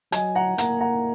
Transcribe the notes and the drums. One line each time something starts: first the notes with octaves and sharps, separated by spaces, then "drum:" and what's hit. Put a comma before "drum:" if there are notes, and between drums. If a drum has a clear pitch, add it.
F#3 D#5 G#5, drum: hi-hat
F#5 A#5
A#3 F#5 A#5, drum: hi-hat
F#5 A#5